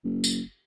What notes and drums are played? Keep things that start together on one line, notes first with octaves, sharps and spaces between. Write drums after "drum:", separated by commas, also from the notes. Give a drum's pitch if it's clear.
F#1
drum: tambourine